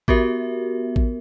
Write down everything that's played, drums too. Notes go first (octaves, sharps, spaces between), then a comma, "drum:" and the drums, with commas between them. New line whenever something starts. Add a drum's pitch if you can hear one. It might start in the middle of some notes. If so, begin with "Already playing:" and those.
B3 F#4 G4 A#4 E5, drum: kick A1
drum: kick A1